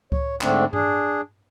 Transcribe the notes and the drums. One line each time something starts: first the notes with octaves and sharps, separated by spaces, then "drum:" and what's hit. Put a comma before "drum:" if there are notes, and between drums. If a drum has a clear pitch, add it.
C#5, drum: kick C#2
G#2 D3 A3 C4 D4, drum: clap
D4 G#4, drum: tom G2